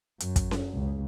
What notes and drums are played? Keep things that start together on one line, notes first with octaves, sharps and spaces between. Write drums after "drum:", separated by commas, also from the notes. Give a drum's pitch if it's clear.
F#2, drum: hi-hat
drum: kick, hi-hat
drum: snare C#4
C#2